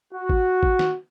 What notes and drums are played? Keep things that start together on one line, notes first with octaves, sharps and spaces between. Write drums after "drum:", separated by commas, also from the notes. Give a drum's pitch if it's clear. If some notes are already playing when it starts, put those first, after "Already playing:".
F#4
drum: kick G#1
drum: kick G#1
drum: snare